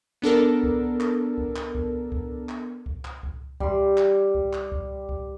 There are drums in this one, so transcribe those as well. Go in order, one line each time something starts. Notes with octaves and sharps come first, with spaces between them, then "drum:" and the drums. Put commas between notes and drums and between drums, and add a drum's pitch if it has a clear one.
B3 D4 A4 A#4
drum: kick C#2
drum: clap
drum: kick C#2
drum: clap
drum: kick C#2
drum: kick C#2
drum: clap
drum: kick C#2
drum: clap
drum: kick C#2
G3 C6, drum: kick C#2
drum: clap
drum: kick C#2
drum: clap
drum: kick C#2
drum: kick C#2